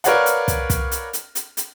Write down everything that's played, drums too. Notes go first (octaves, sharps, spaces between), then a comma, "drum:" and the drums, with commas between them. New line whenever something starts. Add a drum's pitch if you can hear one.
A#4 B4 C#5 D5 F5 F#5, drum: hi-hat
drum: hi-hat
drum: kick, hi-hat
drum: kick, hi-hat
drum: hi-hat
drum: hi-hat
drum: hi-hat
drum: hi-hat